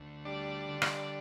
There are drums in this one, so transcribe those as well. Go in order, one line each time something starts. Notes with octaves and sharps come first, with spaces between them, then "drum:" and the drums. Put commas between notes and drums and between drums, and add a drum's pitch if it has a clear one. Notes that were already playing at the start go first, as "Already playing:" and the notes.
Already playing: D2
G3 D4 D5
D3
drum: rim click